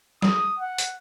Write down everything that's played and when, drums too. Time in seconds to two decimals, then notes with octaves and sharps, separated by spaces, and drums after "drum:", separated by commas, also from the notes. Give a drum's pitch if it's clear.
0.22 D#6, drum: snare
0.59 F#5
0.78 drum: hi-hat